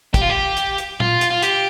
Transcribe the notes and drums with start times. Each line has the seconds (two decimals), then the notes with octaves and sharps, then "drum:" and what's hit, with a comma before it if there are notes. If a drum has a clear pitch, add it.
0.14 G4, drum: kick, hi-hat
0.22 F4
0.30 G4
0.57 drum: hi-hat
0.78 drum: hi-hat
1.00 F4, drum: tom
1.21 drum: hi-hat
1.31 F4
1.43 G4, drum: hi-hat